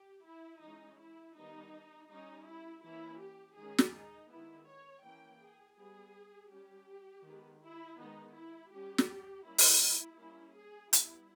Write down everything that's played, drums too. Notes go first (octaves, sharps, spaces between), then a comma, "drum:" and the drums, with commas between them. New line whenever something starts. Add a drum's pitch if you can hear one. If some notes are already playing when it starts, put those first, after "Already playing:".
Already playing: G4
E4
E3 G#3 C#4 D#4
E4
D#3 G3 B3 D#4
G3 C#4 D#4
E4
E3 A#3 C#4 E4
G4
D#3 G#3 C#4 G#4
drum: snare
D#4
D#3 G#3 B3 E4
C#5
E3 A#3 C#4 G5
G#4
G3 B3 G#4
G3 C#4 G4
D#3 G#3 B3
E4
D#3 G#3 B3 D#4
E4
G3 C#4 G4
drum: snare
G3 A#3 C#4 E4
drum: open hi-hat
G3 A#3 C#4 E4
G#4
G3 B3 E4, drum: hi-hat